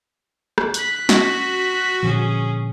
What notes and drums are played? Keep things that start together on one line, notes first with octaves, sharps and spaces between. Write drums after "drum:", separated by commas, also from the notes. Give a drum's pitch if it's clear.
drum: rim click
F#6 B6, drum: hi-hat
C#4 F#4, drum: snare
A#2 D3 F3 C#4 G#4